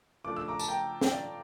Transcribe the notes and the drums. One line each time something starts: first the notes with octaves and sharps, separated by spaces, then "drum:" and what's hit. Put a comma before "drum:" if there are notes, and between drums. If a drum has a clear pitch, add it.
C#3 F3 A3 D4 F4 D6
E6
A#5 D6
A5, drum: tambourine
G5 A#5
G5, drum: snare
D5 F5